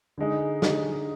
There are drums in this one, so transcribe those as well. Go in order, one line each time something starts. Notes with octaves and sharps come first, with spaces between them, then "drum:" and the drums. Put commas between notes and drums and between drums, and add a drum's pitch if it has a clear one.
D3 G#3 D#4
D3 G#3 D#4, drum: snare